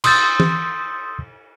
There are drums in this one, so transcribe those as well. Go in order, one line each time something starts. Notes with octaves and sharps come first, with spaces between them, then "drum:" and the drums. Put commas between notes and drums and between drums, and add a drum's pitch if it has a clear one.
C6 D#6 E6 G6 A6, drum: cymbal
drum: tom E3